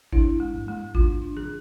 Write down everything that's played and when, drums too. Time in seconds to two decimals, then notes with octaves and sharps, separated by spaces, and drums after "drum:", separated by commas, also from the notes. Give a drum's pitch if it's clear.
0.13 D4 E4, drum: kick G#1
0.40 G#3
0.54 drum: tom G#2
0.68 G#3
0.95 D4 F4, drum: kick G#1
1.22 D4
1.37 G#4, drum: tom E3